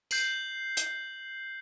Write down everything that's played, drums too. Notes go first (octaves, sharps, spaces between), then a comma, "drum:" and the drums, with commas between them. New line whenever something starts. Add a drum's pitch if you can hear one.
G6 C7 F#7, drum: tambourine
drum: hi-hat